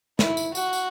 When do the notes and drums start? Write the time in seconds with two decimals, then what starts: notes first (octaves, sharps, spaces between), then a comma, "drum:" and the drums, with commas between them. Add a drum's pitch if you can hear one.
0.19 E4, drum: snare
0.37 drum: tambourine
0.55 F#4, drum: tambourine
0.73 drum: tambourine